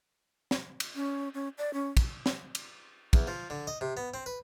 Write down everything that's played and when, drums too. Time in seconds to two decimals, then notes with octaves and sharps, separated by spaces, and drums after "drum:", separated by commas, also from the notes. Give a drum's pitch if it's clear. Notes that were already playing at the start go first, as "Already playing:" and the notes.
0.51 drum: snare
0.80 drum: cymbal
0.95 C#4
1.34 C#4
1.58 D5
1.73 C#4
1.97 drum: kick, cymbal
2.26 drum: snare
2.55 drum: cymbal
3.13 E2, drum: kick, cymbal
3.27 F3
3.50 D3
3.67 D#5
3.81 C3
3.97 B3
4.14 C4
4.26 B4